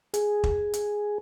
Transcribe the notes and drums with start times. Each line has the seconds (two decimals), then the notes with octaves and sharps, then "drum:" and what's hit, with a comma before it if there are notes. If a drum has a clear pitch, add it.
0.14 G#4, drum: hi-hat
0.44 drum: kick
0.74 drum: hi-hat